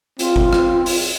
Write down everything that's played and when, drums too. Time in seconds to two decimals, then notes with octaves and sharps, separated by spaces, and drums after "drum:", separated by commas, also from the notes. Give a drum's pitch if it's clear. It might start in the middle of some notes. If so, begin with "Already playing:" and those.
0.19 C4 F4, drum: hi-hat
0.36 drum: kick G1
0.53 drum: rim click
0.86 drum: open hi-hat